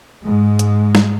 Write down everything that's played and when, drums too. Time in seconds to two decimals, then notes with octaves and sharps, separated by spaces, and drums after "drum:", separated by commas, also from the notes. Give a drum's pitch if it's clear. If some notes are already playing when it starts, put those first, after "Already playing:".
0.24 G#2 G#3
0.59 drum: hi-hat
0.95 drum: snare